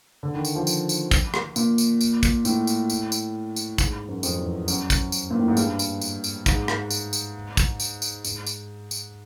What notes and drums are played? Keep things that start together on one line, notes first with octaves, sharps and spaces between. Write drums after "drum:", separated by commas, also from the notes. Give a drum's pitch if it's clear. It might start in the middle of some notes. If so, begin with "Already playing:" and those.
D3
D#3
drum: tambourine
F3
drum: tambourine
drum: tambourine
drum: kick, tambourine
drum: rim click
A#2, drum: tambourine
drum: tambourine
drum: tambourine
drum: kick, tambourine
A2, drum: tambourine
drum: tambourine
drum: tambourine
drum: tambourine
drum: tambourine
G#2, drum: kick, tambourine
F#2
F2, drum: tambourine
E2
F#2, drum: tambourine
drum: kick, tambourine
drum: tambourine
A#2
A2
G#2
G2, drum: tambourine
drum: tambourine
drum: tambourine
drum: tambourine
G#2, drum: kick, tambourine
drum: rim click
drum: tambourine
drum: tambourine
drum: kick, tambourine
drum: tambourine
drum: tambourine
G#2, drum: tambourine
drum: tambourine
drum: tambourine